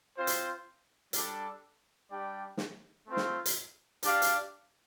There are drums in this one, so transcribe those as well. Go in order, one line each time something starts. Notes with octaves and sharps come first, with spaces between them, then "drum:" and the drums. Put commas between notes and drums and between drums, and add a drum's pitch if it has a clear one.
C4 F4 C5
drum: hi-hat
G3 D4 A4, drum: hi-hat
G3 D4 G4 D5 G5
drum: snare
A3 C4 F4 C5
drum: snare
drum: hi-hat
D4 G4 D5 F5, drum: hi-hat
drum: hi-hat